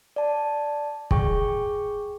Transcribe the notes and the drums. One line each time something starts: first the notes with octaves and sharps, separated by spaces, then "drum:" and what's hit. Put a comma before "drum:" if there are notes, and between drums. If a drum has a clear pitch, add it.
D5 A5
G#4 G5 C#6, drum: kick